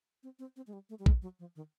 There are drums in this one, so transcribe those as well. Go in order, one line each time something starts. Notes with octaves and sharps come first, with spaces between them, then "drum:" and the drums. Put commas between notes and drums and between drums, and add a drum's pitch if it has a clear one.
C4
C4
C4
G#3
G3
A3
G3
G#3, drum: kick A#1
F#3
F3
D#3